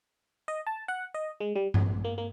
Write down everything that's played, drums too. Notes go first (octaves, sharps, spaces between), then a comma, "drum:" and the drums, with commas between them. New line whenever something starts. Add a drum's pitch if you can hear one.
D#5
A5
F#5
D#5
G#3
G3
G1, drum: tom G2
A#1
A#3
A#3